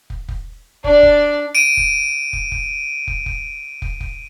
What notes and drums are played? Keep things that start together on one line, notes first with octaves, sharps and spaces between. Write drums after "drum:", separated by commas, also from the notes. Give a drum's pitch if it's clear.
drum: kick
drum: kick
D4 D5, drum: kick
drum: kick
D7 D#7
drum: kick
drum: kick
drum: kick
drum: kick
drum: kick
drum: kick
drum: kick